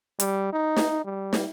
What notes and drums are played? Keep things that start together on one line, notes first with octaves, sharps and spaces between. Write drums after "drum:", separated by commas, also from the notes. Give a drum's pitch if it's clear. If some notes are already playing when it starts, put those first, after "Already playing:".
G3, drum: hi-hat
D#4
drum: snare
G3
drum: snare